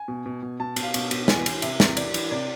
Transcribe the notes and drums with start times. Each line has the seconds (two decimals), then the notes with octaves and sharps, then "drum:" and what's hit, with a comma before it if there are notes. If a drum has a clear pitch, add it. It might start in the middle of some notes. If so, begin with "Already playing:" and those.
Already playing: G#5
0.08 B2
0.26 B2
0.43 B2
0.60 B2 A5
0.76 B2, drum: cymbal
0.83 F5
0.94 B2, drum: cymbal
1.11 B2, drum: cymbal
1.28 E3 G#5, drum: snare
1.46 E3, drum: cymbal
1.62 C3 E5, drum: cymbal
1.80 C3, drum: snare
1.97 E3 D5, drum: cymbal
2.14 E3, drum: cymbal
2.31 C3 D5